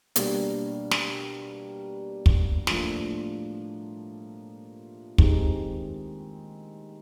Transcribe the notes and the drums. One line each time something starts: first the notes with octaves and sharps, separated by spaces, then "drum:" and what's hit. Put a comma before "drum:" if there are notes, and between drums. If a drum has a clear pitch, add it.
B2 G3 A#3 D4, drum: hi-hat
drum: snare
drum: kick
A2 F3 A#3 D4 F4, drum: snare
D#3 G#3 C4 D#4 G4, drum: kick